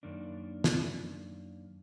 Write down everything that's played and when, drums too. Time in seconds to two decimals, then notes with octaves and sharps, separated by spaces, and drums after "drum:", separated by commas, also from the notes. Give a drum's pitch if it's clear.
0.03 F#2 D#3 A#3 D4
0.64 drum: snare